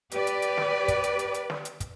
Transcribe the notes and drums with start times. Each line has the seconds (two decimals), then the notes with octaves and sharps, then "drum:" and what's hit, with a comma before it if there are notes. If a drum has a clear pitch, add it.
0.11 G4 B4 D5, drum: hi-hat
0.27 drum: hi-hat
0.42 drum: hi-hat
0.58 drum: snare
0.88 drum: kick, hi-hat
1.04 drum: hi-hat
1.19 drum: hi-hat
1.34 drum: hi-hat
1.50 drum: snare
1.65 drum: hi-hat
1.80 drum: kick, hi-hat